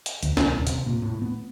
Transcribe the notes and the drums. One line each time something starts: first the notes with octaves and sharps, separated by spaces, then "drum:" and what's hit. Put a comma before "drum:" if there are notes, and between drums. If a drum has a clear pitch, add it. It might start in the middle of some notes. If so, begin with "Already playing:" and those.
drum: hi-hat
D2, drum: hi-hat
C2, drum: snare
D#1
C3, drum: hi-hat
A#2
A2
B3